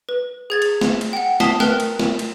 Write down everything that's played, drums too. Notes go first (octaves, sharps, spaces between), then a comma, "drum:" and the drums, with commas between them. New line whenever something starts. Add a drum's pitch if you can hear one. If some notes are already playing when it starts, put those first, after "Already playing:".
B4
G#4 G#6 A6
drum: cymbal
drum: snare
drum: cymbal
F#5 G5
A5 D#6 B6 C7 G7, drum: snare
A#4 B4 G5 F6 F#6, drum: snare
drum: cymbal
drum: snare
drum: cymbal